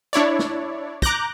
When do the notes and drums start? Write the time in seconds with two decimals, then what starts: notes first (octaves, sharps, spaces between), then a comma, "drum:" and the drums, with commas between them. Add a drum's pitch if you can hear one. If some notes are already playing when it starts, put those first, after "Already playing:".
0.13 D4 E4 C#5 D5
0.39 drum: snare
1.02 A#5 D6 F#6 G6 A#6, drum: kick